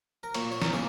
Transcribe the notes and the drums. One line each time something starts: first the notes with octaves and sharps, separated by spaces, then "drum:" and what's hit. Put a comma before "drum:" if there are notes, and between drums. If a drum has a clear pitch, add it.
A#4
A#2 C#5, drum: cymbal
C#5
A#4, drum: snare
A#3 C#4 G#4